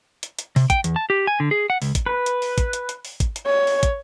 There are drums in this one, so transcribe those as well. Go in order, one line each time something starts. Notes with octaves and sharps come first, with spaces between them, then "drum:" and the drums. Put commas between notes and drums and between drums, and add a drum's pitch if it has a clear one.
drum: hi-hat
drum: hi-hat
C3, drum: open hi-hat
G5, drum: kick, hi-hat
E2, drum: hi-hat
A5
G4
G#5
D3
G#4
F#5
C#2, drum: open hi-hat
drum: kick, hi-hat
B4
drum: hi-hat
drum: open hi-hat
drum: kick, hi-hat
drum: hi-hat
drum: hi-hat
drum: open hi-hat
drum: kick, hi-hat
drum: hi-hat
C#5
drum: open hi-hat
drum: kick, hi-hat